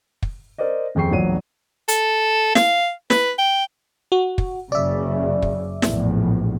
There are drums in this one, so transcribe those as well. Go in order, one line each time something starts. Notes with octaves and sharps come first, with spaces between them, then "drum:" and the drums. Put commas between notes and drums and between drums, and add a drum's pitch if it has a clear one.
drum: kick
A#4 C5 D5 D#5
D#1 F2 G#4 G5 C#6 C7
E1 A#1 F#3 D#7
A4, drum: hi-hat
F5, drum: snare
B4, drum: snare
G5
F#4
drum: kick
F#1 C#3 D5 E5
drum: kick
A#1 E2 A2, drum: snare